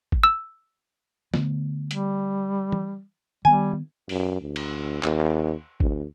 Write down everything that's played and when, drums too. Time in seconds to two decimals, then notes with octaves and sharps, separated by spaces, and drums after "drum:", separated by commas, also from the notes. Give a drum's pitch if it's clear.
0.12 drum: kick G#1
0.24 E6
1.34 D3 A3 B3, drum: snare
1.91 G3, drum: hi-hat
2.72 drum: tom E3
3.45 D#3 G3 B3 G#5
4.09 F#2, drum: open hi-hat
4.41 D2
4.56 drum: cymbal
5.03 D#2, drum: clap
5.80 D2, drum: kick G#1